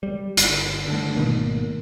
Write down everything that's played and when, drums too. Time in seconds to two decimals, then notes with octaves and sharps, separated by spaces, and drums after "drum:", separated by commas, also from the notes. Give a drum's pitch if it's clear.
0.03 G3
0.37 G1, drum: hi-hat
0.87 D3 D#3 G3 A3
1.17 G#1 B2 D#3 A3 A#3 D#4